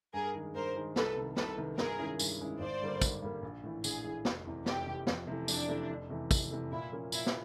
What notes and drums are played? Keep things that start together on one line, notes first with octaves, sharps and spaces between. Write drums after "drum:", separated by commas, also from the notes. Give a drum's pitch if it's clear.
G2 G#4 A#4
D#3 G#3
G2 A#4 C5
D#3 G#3
C2 A4 B4, drum: snare
C3 D#3
C2 A4 B4, drum: snare
C3 D#3
G2 G#4 A#4, drum: snare
D#3 G#3 C#4 E4
G2, drum: tambourine
D#3 G#3 C#4 E4
G#1 C5 D5
G2 D3 G3 A#3
G#1, drum: kick, tambourine
G2 D3 G3 A#3
A#1
A2 E3
A#1 G#4, drum: tambourine
A2 E3
F1, drum: snare
E2 C3
F1 G4, drum: snare
E2 C3
F2, drum: snare
C3 E3 A3
F2 D4, drum: tambourine
C3 E3 A3
F1
E2 C3 E3 A3
F1, drum: kick, tambourine
E2 C3 E3 A3
A#2 E4
F3 A#3 C#4
A#2 E4, drum: tambourine
drum: snare